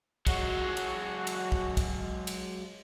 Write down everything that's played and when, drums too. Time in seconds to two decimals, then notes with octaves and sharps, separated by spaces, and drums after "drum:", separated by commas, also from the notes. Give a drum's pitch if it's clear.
0.27 F#3 G#3 F#4, drum: kick, cymbal
0.77 drum: cymbal
1.27 drum: cymbal
1.52 drum: kick
1.77 drum: kick, cymbal
2.27 drum: cymbal